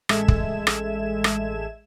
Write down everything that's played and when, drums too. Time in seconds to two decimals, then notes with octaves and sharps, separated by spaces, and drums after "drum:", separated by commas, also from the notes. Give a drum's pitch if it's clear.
0.09 A1 G#3 A4 E5 G#6 E7, drum: rim click
0.28 drum: kick
0.67 drum: rim click
1.24 drum: rim click